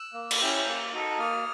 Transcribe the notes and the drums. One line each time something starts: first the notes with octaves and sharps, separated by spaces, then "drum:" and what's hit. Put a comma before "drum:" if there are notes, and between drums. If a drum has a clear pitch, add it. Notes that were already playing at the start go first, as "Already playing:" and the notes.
Already playing: E6 F#6
A#3
drum: cymbal
C#4 E4 G4
A#3
D#4 F#4 A4
F#6
A#3 D#6 F6